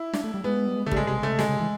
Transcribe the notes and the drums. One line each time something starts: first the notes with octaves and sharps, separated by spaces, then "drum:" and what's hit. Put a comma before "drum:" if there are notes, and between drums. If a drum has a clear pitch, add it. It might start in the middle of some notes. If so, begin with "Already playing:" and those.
Already playing: E4
D4, drum: snare
A3
G3
G#3 B3
G3
G#3
D3 A3
G3, drum: kick
C#3 G#3
C3 G#3
C#3 A3
C3
C#3 G#3, drum: snare
C#3
E3